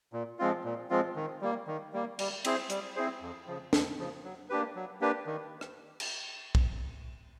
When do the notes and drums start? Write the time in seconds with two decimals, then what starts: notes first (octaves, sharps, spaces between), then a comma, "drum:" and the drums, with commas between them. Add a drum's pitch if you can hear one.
0.13 A#2
0.39 F3 G#3 C4 F4
0.64 A#2
0.90 F3 G#3 C4 F4
1.16 D#3
1.41 G3 A#3
1.67 D#3
1.93 G3 A#3
2.19 G3, drum: cymbal
2.45 C4 E4 G#4 C5, drum: cymbal
2.70 G3, drum: hi-hat
2.96 C4 E4 G#4 C5
3.21 F2
3.47 C#3 F3
3.73 F2, drum: snare
3.99 C#3 F3
4.24 F#3
4.49 A#3 D4 G4 B4
4.75 F#3
5.01 A#3 D4 G4 B4
5.27 D#3
5.61 drum: rim click
6.00 drum: cymbal
6.55 drum: kick